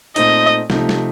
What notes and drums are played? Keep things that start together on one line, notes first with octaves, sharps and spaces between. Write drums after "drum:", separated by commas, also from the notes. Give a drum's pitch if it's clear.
A#2 A3 C4 D#4 D#5, drum: hi-hat
C3 F3 A3 D#4, drum: snare
drum: snare